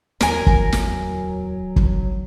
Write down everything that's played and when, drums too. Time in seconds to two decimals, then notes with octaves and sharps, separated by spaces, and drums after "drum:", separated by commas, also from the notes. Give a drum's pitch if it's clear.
0.21 D1 E2 F#3 A#4 G#5, drum: snare
0.47 drum: kick
0.72 drum: snare
1.76 drum: kick